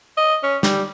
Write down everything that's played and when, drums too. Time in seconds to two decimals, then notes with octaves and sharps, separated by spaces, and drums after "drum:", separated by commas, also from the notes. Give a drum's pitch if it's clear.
0.17 D#5
0.43 C#4
0.63 G3, drum: snare